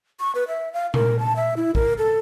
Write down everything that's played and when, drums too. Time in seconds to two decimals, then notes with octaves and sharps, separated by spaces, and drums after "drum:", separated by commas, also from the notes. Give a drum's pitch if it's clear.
0.20 C#6
0.35 B4
0.48 E5
0.73 F5
0.94 A#4, drum: tom A#2
1.19 A5
1.36 E5
1.57 E4
1.75 A#4, drum: kick A#1
1.98 A4